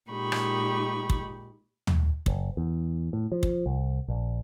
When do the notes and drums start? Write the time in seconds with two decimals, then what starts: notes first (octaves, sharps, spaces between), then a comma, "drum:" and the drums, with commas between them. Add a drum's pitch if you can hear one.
0.10 A#2 G#3 D#4 G4 B5 C#6
0.32 drum: rim click
1.10 drum: kick
1.87 drum: tom
2.26 F#1, drum: kick
2.57 E2
3.13 A2
3.32 F3
3.43 drum: kick
3.66 C2
4.08 A#1